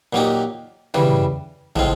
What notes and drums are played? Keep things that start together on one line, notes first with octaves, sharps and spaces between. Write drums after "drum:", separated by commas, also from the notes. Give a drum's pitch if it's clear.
A#2 F#3 A#3 D#4 G4
C#3 E3 G3, drum: tom
A2 F3 G#3 C4 F4, drum: tom